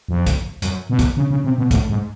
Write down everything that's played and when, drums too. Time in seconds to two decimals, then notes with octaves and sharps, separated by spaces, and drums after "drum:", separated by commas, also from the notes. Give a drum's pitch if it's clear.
0.08 F2
0.26 drum: kick, hi-hat
0.62 F#2, drum: hi-hat
0.90 B2
0.99 drum: kick, hi-hat
1.17 C#3
1.30 C#3
1.44 C3
1.58 B2
1.71 A2, drum: kick, hi-hat
1.90 G#2